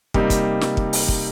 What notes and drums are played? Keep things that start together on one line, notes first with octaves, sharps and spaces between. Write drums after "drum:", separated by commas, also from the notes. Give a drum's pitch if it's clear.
C3 G3 A#3 D#4, drum: kick
drum: kick, hi-hat
drum: snare
drum: kick
drum: open hi-hat
drum: kick